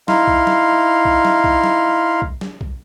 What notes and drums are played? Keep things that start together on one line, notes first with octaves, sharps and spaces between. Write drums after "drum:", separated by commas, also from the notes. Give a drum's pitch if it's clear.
D#4 E4 F5 C6, drum: snare
drum: kick
drum: snare
drum: kick
drum: snare
drum: kick
drum: snare
drum: kick
drum: snare
drum: kick